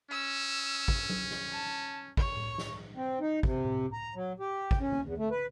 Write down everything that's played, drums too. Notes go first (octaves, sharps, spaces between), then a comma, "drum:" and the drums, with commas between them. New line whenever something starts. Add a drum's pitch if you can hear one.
C#4 E6
drum: kick
drum: tom F#3
drum: snare
A5
C#5, drum: kick
drum: tom A2
drum: snare
C4
D#4
C3, drum: kick
drum: tom A2
A#5
F#3
G4
drum: kick
C#4
drum: tom
E2
A3
B4